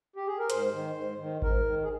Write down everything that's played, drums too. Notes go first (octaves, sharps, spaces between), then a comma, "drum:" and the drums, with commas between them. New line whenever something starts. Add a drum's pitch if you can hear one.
G4
G#4
A#4
G#2 C5, drum: hi-hat
D#3
G#2
D#3
G#2 A#4, drum: kick G#1
D#3
G#4